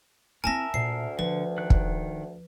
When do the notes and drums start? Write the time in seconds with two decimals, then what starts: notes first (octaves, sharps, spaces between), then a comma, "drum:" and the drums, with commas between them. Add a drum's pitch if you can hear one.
0.44 C4 E4 A#4 E5 G#5 A5 A#6
0.74 D2 A#2 C7
1.19 D3 F3 B4
1.58 D#3 F#6
1.70 drum: kick